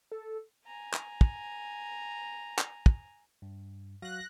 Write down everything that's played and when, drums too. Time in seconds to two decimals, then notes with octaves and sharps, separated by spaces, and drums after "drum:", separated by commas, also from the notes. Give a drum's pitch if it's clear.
0.12 A4
0.66 G#5 A#5
0.93 drum: clap
1.21 drum: kick
2.58 drum: clap
2.86 drum: kick
3.42 G2
4.02 F#3 F#4 F5 F#6 A#6